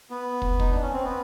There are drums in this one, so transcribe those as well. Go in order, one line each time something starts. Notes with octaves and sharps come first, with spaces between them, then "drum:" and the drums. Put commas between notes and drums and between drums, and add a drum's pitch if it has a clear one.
B3
drum: kick
D#4, drum: kick
D4
C#4
C4
B3